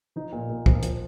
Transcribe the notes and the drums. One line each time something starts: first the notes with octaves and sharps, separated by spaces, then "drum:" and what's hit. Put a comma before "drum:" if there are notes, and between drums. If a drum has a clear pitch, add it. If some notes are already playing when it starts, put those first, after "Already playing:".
F3 D#4
A#2
A#2
F3, drum: kick
F3, drum: hi-hat